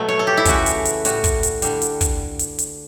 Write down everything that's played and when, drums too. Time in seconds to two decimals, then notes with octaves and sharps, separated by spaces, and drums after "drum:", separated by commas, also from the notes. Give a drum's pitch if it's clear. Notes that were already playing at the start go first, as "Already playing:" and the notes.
Already playing: B2 F#3 A3
0.09 C#5
0.19 A4
0.27 G4
0.37 E4
0.45 C#3 E3 A3 F#4, drum: kick, hi-hat
0.66 drum: hi-hat
0.85 drum: hi-hat
1.05 A2 G3 F#4, drum: hi-hat
1.24 drum: kick, hi-hat
1.43 drum: hi-hat
1.62 D3 G3, drum: hi-hat
1.82 drum: hi-hat
2.01 drum: kick, hi-hat
2.39 drum: hi-hat
2.59 drum: hi-hat